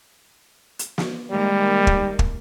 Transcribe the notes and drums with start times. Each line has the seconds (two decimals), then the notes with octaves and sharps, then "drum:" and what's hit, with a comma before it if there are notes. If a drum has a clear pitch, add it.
0.79 drum: hi-hat
0.98 drum: snare
1.30 D#3 G3 G#3 A#3
1.87 drum: kick
2.19 drum: kick